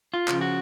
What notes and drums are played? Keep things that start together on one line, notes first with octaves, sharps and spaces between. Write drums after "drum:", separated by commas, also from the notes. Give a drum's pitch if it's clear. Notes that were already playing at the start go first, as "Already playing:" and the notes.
F4
C#3 F3, drum: clap
F#4